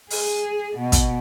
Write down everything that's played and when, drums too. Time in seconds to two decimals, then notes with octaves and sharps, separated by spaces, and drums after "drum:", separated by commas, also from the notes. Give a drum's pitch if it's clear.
0.10 G#4, drum: open hi-hat
0.76 B2
0.92 drum: kick, hi-hat